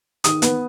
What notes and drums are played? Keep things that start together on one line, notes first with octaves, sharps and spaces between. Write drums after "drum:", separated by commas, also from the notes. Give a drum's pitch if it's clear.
D#3 D#6, drum: hi-hat
B3, drum: hi-hat